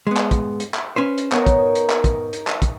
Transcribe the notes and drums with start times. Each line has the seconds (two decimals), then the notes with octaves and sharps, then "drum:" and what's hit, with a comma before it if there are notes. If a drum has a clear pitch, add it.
0.07 G#3 B3
0.17 drum: clap
0.31 drum: kick, hi-hat
0.60 drum: hi-hat
0.74 drum: clap
0.96 C#4 B4 C5
1.18 drum: hi-hat
1.32 B3 D#4 A#4 C#5, drum: clap
1.46 drum: kick, hi-hat
1.75 drum: hi-hat
1.90 drum: clap
2.04 drum: kick, hi-hat
2.33 drum: hi-hat
2.47 drum: clap
2.62 drum: kick, hi-hat